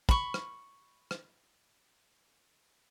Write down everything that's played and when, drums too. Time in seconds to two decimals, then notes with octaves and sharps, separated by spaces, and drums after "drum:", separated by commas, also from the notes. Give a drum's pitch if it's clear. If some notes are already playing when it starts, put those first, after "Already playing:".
0.09 B5 C#6, drum: kick
0.34 drum: rim click
1.11 drum: rim click